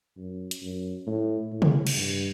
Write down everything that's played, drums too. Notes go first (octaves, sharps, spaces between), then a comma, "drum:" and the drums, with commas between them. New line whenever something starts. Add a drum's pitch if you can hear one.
F#2
drum: hi-hat
F#2
A2
A2
drum: tom C3
drum: cymbal
G2